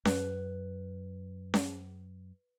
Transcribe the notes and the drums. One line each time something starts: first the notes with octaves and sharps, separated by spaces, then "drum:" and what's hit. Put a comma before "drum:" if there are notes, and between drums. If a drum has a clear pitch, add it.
F#2 B4, drum: snare C#4
drum: snare C#4